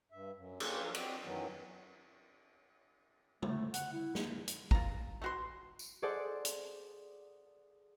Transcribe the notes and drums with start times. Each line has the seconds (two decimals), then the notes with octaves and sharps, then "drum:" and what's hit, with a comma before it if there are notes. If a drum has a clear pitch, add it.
0.12 G2 E5
0.36 F#2
0.60 A#3 C#4 D4 F4 G4, drum: cymbal
0.82 F3 F#3 D4 A4 A#4 F5
0.95 C4 F#4 D5 D#5, drum: cymbal
1.24 F#2 D#3 E3 F#3 B3
3.42 A3, drum: tom
3.74 F#5, drum: hi-hat
3.93 E4
4.15 A#3, drum: snare
4.48 drum: hi-hat
4.71 F4 A#5, drum: kick
5.22 A3 F#4 C6
5.79 drum: tambourine
6.02 G#4 A4 C5 D5 F#5
6.45 drum: hi-hat